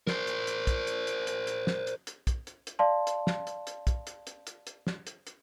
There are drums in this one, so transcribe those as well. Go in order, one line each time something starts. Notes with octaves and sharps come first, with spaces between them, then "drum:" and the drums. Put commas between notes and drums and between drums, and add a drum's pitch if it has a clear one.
A#4 C5, drum: snare
drum: hi-hat
drum: hi-hat
drum: kick, hi-hat
drum: hi-hat
drum: hi-hat
drum: hi-hat
drum: hi-hat
drum: snare
drum: hi-hat
drum: hi-hat
drum: kick, hi-hat
drum: hi-hat
drum: hi-hat
D5 F5 A5 C6
drum: hi-hat
drum: snare
drum: hi-hat
drum: hi-hat
drum: kick, hi-hat
drum: hi-hat
drum: hi-hat
drum: hi-hat
drum: hi-hat
drum: snare
drum: hi-hat
drum: hi-hat